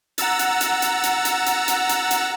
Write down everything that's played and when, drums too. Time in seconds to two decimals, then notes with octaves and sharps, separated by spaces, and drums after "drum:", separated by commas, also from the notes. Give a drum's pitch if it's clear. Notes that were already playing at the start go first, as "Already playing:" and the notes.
0.18 F#5 A#5 E6 A6, drum: hi-hat
0.39 drum: hi-hat
0.61 drum: hi-hat
0.82 drum: hi-hat
1.04 drum: hi-hat
1.25 drum: hi-hat
1.46 drum: hi-hat
1.68 drum: hi-hat
1.89 drum: hi-hat
2.11 drum: hi-hat